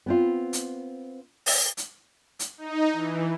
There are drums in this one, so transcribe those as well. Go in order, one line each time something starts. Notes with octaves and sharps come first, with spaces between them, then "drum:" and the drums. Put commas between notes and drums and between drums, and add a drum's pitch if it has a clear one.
B3 C4 F4
drum: hi-hat
drum: open hi-hat
drum: hi-hat
drum: hi-hat
D#4
E3